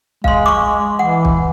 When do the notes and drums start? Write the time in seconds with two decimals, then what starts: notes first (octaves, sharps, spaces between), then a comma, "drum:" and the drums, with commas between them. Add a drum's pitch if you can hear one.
0.24 G#3 F5 C6, drum: kick
0.46 C#6 D6
0.99 E3 F#5
1.25 drum: kick